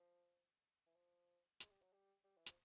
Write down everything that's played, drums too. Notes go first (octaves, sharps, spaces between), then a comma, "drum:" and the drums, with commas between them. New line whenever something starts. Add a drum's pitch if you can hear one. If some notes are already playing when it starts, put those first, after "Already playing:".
Already playing: F3
E3
F3
G#3, drum: hi-hat
G3
F#3
G3
G3
E3
F3, drum: hi-hat